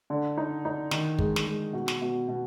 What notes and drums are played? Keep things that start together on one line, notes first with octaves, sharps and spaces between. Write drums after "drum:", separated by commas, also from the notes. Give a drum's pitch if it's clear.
D3
D#4
D#4
D#3, drum: snare
G#3, drum: kick
drum: snare
G#3
B2
drum: snare
B2
B2